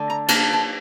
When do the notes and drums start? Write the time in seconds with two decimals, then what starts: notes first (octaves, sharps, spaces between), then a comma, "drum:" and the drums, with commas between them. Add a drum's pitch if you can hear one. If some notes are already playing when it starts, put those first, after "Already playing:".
Already playing: D3 A3
0.10 A#5
0.28 A#3 A5, drum: cymbal
0.53 A5